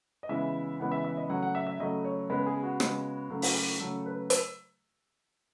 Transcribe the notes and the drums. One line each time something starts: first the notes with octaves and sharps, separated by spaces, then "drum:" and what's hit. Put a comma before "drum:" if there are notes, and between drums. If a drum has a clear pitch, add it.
D#5
C#3 E3 G#3 B3 E5
C#3 E3 G#3 B3 F#5
E5
E5
D#5
C#3 F#3 A3 F#5
F#5
E5
E5
C#3 F#3 A3 D#5
C#5
C#3 G#3 B3 B4
G#4
F#4
C#3 G#3 B3, drum: rim click
C#3 F#3 A3
drum: open hi-hat
C#3 F#3 A3 A4
B4
drum: hi-hat